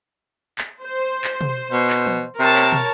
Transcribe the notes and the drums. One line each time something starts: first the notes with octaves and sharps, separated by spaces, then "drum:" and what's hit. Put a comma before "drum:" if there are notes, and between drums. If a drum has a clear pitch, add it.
drum: clap
C5
drum: clap
drum: tom
B2
drum: clap
drum: tom
C3 A#4 C#5 A5
drum: clap
drum: tom